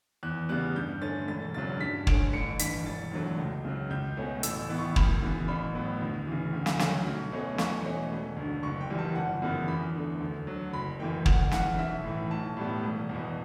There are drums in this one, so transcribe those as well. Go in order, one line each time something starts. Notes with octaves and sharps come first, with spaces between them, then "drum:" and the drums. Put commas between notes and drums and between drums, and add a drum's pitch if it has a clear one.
E2 F#6
C#3 G3 B3 F#6
G2 G6
D3 A3 C#4 A6
E1 A6
E2 C#3 F#3 A6
G2 B6
D3 A3 C#4 D7, drum: kick
A1 C#7
G2 E3 B6, drum: hi-hat
E1 A6
E2 D3 F#3 A3
C#2
C#3 F#3
C#2 G6
B2 A3 C#4
A1 E6, drum: hi-hat
E6
A2 E3 B3
C#6
F#2 B5, drum: kick
C#3 E3 B3
A1 B5
A2 F#3 B3
D2
C#3 E3
D2
drum: snare
C#3 F#3 A3, drum: snare
B1
B2 A3 C#4
E2 C#6, drum: snare
B2 A3 C#4
E1
D2
D3
F#1 C#6
G5
F#2 E3 G3
A5
G1 F#5
F#2 C#3 E3 B3
E2 B5
D3 A3
D2
D3 F#3
F#1 B5
F#2 E3 A3 G5
C#2 F#5, drum: kick
C#3 E3 F#5, drum: snare
B1 E5
A2 E3
B1 A5
A2 G3 B3
E1
E2
B2